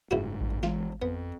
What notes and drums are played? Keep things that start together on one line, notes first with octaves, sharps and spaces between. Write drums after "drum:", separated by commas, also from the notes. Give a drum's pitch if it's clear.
F#1 C#2 G#2 E4 F#4
drum: kick A1
E3 G#3 F4, drum: snare
F2 B3